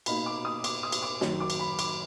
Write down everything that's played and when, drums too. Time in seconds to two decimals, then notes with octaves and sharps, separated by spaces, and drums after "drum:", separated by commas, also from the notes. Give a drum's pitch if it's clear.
0.06 B2 A#3 D#4 B5, drum: cymbal
0.26 D6
0.45 D#6
0.64 D6, drum: cymbal
0.83 D#6
0.92 drum: cymbal
1.02 D6
1.21 F#2 D#3 F#3, drum: snare
1.40 D6
1.50 drum: cymbal
1.59 B5
1.79 D6, drum: cymbal